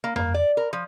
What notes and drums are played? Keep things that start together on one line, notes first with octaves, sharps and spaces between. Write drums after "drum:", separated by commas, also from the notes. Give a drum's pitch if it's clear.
A#3
A#3, drum: tom F2
D5
A#4
F3